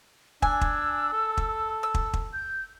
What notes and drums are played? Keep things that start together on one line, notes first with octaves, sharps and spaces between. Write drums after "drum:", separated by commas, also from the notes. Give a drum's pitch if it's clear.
D4 G#5 E6, drum: kick
drum: kick
A4
drum: kick
E6
drum: kick
drum: kick
G6